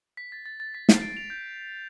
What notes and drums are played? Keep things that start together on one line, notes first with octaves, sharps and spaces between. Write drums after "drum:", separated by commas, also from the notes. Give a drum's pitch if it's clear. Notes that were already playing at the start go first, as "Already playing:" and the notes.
B6
A6
A6
A6
B6
C7, drum: snare
D7
F7
G6